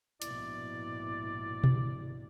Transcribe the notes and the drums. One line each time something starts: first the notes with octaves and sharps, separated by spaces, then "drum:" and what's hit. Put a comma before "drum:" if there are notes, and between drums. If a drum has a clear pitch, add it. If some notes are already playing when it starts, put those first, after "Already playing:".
A#1 G#2 B2 E4 D5, drum: hi-hat
drum: tom B2